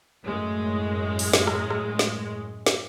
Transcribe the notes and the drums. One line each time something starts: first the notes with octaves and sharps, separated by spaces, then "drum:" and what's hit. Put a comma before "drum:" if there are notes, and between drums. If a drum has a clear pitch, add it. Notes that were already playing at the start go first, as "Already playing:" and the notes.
F#2 A2 G#3
drum: open hi-hat
drum: snare
drum: rim click
drum: rim click
drum: snare
drum: snare